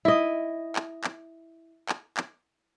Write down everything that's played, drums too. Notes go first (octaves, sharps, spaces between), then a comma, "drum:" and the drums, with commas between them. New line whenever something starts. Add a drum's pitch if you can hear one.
E4 D#5
drum: clap
drum: clap
drum: clap
drum: clap